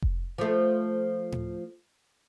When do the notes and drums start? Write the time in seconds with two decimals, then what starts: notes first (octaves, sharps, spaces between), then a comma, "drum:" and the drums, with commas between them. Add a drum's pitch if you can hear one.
0.02 drum: kick F1
0.38 F3 A3
1.32 drum: tom A2